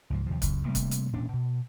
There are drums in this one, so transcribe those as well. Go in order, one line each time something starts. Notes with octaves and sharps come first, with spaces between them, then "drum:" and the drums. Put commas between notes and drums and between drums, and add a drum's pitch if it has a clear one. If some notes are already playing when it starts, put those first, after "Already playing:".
C#2 G#2 F3
D#2 C3 F3
C#2 F#2 C#3, drum: kick C#1, hi-hat
C3 G3 A3 A#3
drum: kick C#1, hi-hat
drum: hi-hat
E1 A#2 C#4 D4
B2